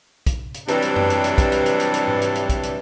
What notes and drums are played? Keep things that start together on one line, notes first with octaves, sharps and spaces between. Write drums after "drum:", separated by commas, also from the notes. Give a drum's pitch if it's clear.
drum: kick, hi-hat
drum: hi-hat
G2 C3 E3 F#3 G3 D4, drum: hi-hat
drum: hi-hat
drum: tom F#2
drum: hi-hat
drum: hi-hat
drum: kick, hi-hat
drum: hi-hat
drum: hi-hat
drum: hi-hat
drum: hi-hat
drum: tom G#2
drum: hi-hat
drum: hi-hat
drum: kick, hi-hat
drum: hi-hat